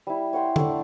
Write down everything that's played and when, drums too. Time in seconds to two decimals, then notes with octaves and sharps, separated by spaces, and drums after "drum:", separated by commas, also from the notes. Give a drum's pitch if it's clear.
0.07 G3 E4
0.33 C#5 F#5 G5 C6
0.56 A3 D4, drum: tom D3